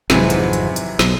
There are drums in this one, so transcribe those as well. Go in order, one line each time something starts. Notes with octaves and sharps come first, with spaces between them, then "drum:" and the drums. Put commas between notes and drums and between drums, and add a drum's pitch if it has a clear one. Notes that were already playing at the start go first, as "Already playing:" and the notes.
G#1 F2 G#2 C3 E3 F#3, drum: snare
drum: hi-hat
drum: hi-hat
drum: hi-hat
B1, drum: snare